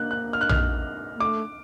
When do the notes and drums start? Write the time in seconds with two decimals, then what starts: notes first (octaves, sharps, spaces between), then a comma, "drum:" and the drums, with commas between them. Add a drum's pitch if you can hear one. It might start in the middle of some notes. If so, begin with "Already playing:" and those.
Already playing: A#3 F#6
0.11 F#6
0.33 F6
0.41 F#6
0.49 F6, drum: tom A#1
1.16 A#3
1.20 A3 D6